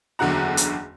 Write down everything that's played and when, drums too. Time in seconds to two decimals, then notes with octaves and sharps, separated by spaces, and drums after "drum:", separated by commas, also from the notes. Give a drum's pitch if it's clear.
0.19 F#1 E2 D3 F#4 F#5 A#5
0.57 drum: hi-hat